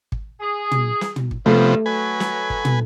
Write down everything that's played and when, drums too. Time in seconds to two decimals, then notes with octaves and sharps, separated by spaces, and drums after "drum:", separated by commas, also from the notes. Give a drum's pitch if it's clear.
0.12 drum: kick
0.40 G#4
0.72 drum: tom
1.01 drum: snare
1.16 drum: tom
1.31 drum: kick
1.46 G2 C3 F3 A3 B3
1.86 F#3 B4 G#5
2.20 drum: snare
2.50 drum: kick
2.65 drum: tom